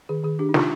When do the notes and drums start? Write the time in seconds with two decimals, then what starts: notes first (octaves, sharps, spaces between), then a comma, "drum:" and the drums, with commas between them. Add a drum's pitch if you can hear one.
0.09 D#3 G#4
0.24 D#3 G#4
0.39 D4 G4
0.49 D#4
0.54 D4 F4, drum: snare